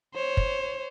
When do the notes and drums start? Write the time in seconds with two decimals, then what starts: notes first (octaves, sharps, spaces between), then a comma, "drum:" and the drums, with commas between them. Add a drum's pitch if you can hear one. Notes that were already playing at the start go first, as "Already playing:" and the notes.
0.14 C5 C#5
0.37 drum: kick